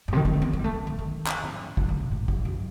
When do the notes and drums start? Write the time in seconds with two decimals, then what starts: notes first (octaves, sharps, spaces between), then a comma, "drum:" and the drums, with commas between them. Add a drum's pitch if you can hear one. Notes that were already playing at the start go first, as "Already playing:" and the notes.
0.08 G2
0.13 C3
0.16 D#3
0.25 C4, drum: kick
0.33 A3
0.42 B3
0.53 B3
0.59 G3
0.64 A3
0.87 D#3
0.99 D#3
1.27 drum: clap
1.44 drum: tom A2
1.77 D#3, drum: kick
1.89 D#3
2.00 C3
2.11 A2
2.28 drum: kick
2.45 F#2